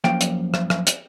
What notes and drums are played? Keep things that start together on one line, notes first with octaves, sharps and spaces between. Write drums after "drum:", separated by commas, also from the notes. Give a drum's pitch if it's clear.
F#2 F3 A#3 F5 G5, drum: rim click
drum: hi-hat
drum: rim click
drum: rim click
drum: hi-hat